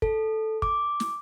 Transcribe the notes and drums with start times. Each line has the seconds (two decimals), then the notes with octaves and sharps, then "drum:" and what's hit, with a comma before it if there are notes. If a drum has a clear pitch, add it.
0.02 A4, drum: kick
0.62 D6, drum: kick
1.00 drum: snare